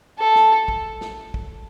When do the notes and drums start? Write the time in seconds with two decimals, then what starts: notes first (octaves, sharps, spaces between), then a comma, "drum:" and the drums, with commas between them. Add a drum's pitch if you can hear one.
0.19 A4
0.35 drum: snare
0.68 drum: kick
1.01 drum: snare
1.34 drum: kick